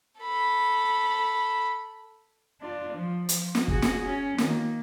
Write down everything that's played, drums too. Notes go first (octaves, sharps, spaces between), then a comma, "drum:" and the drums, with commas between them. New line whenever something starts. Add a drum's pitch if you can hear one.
A4 B5
D4 F4
F3
F3, drum: hi-hat
drum: snare
F#4 G#4, drum: kick
drum: snare
C#4
D#3 A#3, drum: snare